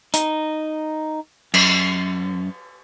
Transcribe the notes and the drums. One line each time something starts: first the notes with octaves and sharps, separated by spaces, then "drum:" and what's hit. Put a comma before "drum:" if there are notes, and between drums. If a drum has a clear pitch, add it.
D#4, drum: hi-hat
F#2, drum: cymbal